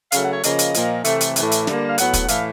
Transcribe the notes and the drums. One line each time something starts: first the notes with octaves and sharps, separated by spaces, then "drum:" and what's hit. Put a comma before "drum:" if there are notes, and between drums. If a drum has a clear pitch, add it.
C#3 F#3 A3 F5, drum: hi-hat
F#5
C#5
C#3 F3 A#3 D#5, drum: hi-hat
drum: hi-hat
A#2 F3 A#3, drum: hi-hat
C3 E3 A3, drum: hi-hat
drum: hi-hat
A2 E3 A3, drum: hi-hat
drum: hi-hat
D3 G3 A#3, drum: snare
F5
A2 F#3 B3 F#5, drum: hi-hat
drum: kick, hi-hat
A2 E3 A3 F5, drum: hi-hat